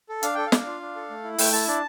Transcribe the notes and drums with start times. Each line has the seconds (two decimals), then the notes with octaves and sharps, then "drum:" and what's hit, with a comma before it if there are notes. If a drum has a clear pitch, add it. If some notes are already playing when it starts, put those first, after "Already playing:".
0.09 A4
0.23 D4 F5, drum: hi-hat
0.35 A4 G5
0.47 F5
0.52 D4, drum: snare
0.67 F4
0.81 D4
0.96 A4
1.10 A3
1.24 E4
1.38 A3 G5, drum: open hi-hat
1.53 E4 A5
1.68 D4 A5